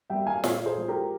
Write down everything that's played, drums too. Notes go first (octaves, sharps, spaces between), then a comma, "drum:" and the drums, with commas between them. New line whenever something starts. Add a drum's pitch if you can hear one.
G3 A#3 E5 G5
F5 G#5
A#2 C#5 F5, drum: snare
G#4 C5
F3 G#3
G4 A#4